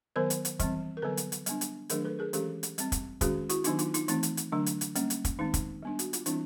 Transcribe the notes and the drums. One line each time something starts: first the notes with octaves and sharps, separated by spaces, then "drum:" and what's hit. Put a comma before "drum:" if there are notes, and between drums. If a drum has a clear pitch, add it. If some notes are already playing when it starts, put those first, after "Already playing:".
D#3 F#3 B3 A#4 C5
drum: hi-hat
drum: hi-hat
E3 G3 C4, drum: kick, hi-hat
A#4
D3 F#3 B3 A4 B4
drum: hi-hat
drum: hi-hat
G3 B3 D4, drum: hi-hat
drum: hi-hat
D#3 F#3 A3 D4 G#4 A#4, drum: hi-hat
A4 B4
G#4 A#4
E3 G#3 C#4 G4 A4, drum: hi-hat
drum: hi-hat
G3 C4, drum: hi-hat
drum: kick, hi-hat
D#3 G#3 C#4 F#4 G#4, drum: kick, hi-hat
E4 F#4, drum: hi-hat
D#3 F#3 B3 D4 D#4 F4, drum: hi-hat
D#4 F4, drum: hi-hat
D#4 F4, drum: hi-hat
E3 A3 C4 D#4, drum: hi-hat
drum: hi-hat
drum: hi-hat
D3 F#3 A3 D4
drum: hi-hat
drum: hi-hat
G3 A#3 C#4, drum: hi-hat
drum: hi-hat
drum: kick, hi-hat
D#3 G#3 C4 D#4
drum: kick, hi-hat
G3 B3 D4
F#4, drum: hi-hat
F4, drum: hi-hat
E3 G3 C4 D4 E4, drum: hi-hat